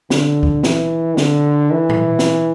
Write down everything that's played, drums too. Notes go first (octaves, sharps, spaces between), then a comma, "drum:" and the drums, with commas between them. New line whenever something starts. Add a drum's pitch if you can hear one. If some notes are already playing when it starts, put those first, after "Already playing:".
D3, drum: snare
drum: kick C#2
E3, drum: snare
D3, drum: snare
E3
drum: tom A2
drum: snare